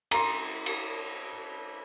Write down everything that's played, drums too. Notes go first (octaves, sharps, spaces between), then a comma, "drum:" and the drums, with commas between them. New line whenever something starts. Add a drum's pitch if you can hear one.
A#5 C6, drum: cymbal
drum: cymbal